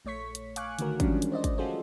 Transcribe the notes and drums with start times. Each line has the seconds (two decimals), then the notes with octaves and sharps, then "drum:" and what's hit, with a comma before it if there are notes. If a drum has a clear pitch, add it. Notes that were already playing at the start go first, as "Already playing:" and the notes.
0.05 A#1 A3 C#5 C#6 B6
0.35 drum: hi-hat
0.56 F5 G#5 C#6 D6 F#6, drum: hi-hat
0.79 D3 D#3 A3 F#4 A#4, drum: hi-hat
1.00 E3 F3 G3 G#3 C#4 D4, drum: kick G#1, hi-hat
1.22 drum: hi-hat
1.32 C5 D5 D#5
1.44 drum: kick G#1, hi-hat
1.58 C#4 F4 F#4 G#4 A4 C5